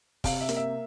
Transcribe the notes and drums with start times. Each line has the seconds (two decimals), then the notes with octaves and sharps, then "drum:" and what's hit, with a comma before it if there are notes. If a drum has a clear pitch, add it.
0.24 C3 F5, drum: kick, open hi-hat
0.41 E5
0.49 A#3, drum: hi-hat
0.56 E5